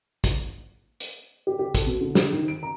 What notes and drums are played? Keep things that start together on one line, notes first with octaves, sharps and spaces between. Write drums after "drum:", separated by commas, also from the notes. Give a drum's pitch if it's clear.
drum: kick, hi-hat
drum: hi-hat
G4
G4
A4, drum: kick, hi-hat
B2
D3
C5, drum: snare
D#3
D7
A#5